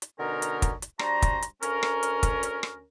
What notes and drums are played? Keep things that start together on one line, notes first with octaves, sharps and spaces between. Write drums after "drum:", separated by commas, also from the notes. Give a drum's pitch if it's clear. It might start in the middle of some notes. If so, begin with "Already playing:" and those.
drum: hi-hat
B2 D3 C#4 D#4 A#4
drum: hi-hat
drum: kick, hi-hat
drum: hi-hat
G3 D4 F#4 C5 A#5, drum: rim click
drum: kick, hi-hat
drum: hi-hat
D2 C#4 A#4, drum: hi-hat
drum: rim click
drum: hi-hat
drum: kick, hi-hat
drum: hi-hat
drum: rim click